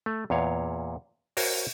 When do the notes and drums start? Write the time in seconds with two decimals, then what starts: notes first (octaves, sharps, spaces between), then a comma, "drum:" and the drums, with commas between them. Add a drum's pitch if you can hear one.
0.06 A3
0.30 E2 A#2 C#5 F5
1.37 F#4 A#4 C5 C#5 G#5, drum: open hi-hat